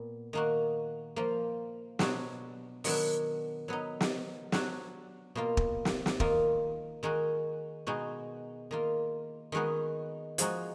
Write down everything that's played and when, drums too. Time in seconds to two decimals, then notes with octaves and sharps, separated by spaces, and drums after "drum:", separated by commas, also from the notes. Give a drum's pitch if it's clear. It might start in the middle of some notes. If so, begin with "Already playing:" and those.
Already playing: A#2 B3
0.33 D#3 A#3 D#4 F#4
1.16 F3 A#3 F4
1.99 B2 F#3 D4 F#4, drum: snare
2.84 D#3 F#3 B3 D4, drum: open hi-hat
3.68 F#3 B3 D#4
4.01 drum: snare
4.52 F#3 D4 F#4, drum: snare
5.35 B2 A#3 F4
5.57 drum: kick
5.85 drum: snare
6.06 drum: snare
6.20 D#3 A#3 F4, drum: kick
7.03 D#3 G#3 D#4 F#4
7.87 B2 G#3 D#4 F#4
8.71 D#3 A#3 F4
9.52 D#3 G#3 B3 D#4 F#4
10.38 F3 G#3 D#4 F#4, drum: hi-hat